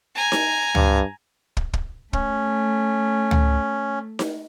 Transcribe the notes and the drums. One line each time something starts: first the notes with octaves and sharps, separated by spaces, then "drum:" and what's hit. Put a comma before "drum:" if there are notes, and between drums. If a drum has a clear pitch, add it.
G#5 A#5
drum: snare D#4
G2, drum: tom
drum: kick
drum: kick
A3 C#4, drum: kick
drum: tom
drum: snare D#4